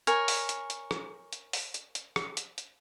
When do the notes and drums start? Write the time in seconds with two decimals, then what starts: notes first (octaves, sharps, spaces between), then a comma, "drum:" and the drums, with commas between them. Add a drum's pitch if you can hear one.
0.07 A#4 C#5 G#5, drum: hi-hat
0.28 drum: open hi-hat
0.49 drum: hi-hat
0.70 drum: hi-hat
0.91 drum: rim click
1.33 drum: hi-hat
1.53 drum: open hi-hat
1.74 drum: hi-hat
1.95 drum: hi-hat
2.16 drum: rim click
2.37 drum: hi-hat
2.58 drum: hi-hat